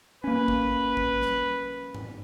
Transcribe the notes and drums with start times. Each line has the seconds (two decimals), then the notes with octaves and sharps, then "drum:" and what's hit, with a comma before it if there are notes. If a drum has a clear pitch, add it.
0.24 A#3 C#4 B4
0.48 drum: kick
0.97 drum: kick
1.21 drum: snare
1.95 drum: tom G2